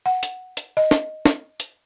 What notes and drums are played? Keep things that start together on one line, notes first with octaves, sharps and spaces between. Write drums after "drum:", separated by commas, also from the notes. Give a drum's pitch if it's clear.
F#5
drum: hi-hat
drum: hi-hat
D#5
drum: snare
drum: snare
drum: hi-hat